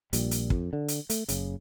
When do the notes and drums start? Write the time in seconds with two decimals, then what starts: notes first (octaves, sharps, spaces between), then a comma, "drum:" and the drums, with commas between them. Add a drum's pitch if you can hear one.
0.13 A#1 A#2 G3, drum: hi-hat
0.31 drum: hi-hat
0.50 F2, drum: kick
0.73 D3
0.88 drum: hi-hat
1.10 A3, drum: hi-hat
1.28 F#1 C#3, drum: hi-hat